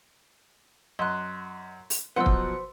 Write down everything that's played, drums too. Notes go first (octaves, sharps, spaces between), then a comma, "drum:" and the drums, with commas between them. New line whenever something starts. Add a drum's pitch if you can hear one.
F#2 D#5 C6 F#6
drum: open hi-hat
B2 F3 F#3 B4 C5 F#5 C6 E6
drum: kick